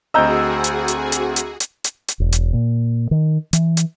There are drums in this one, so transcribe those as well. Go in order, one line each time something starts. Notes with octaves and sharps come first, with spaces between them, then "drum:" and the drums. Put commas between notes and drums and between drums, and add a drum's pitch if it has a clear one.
D2 C4 F#4 G#4 D#5 A#5 E6 G6
drum: hi-hat
drum: hi-hat
drum: hi-hat
drum: hi-hat
drum: hi-hat
drum: hi-hat
drum: hi-hat
E1
drum: hi-hat
A#2
D#3
E3, drum: hi-hat
drum: hi-hat